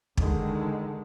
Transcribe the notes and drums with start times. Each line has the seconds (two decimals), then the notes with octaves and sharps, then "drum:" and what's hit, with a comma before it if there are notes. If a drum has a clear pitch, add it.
0.17 D3 D#3 G#3, drum: kick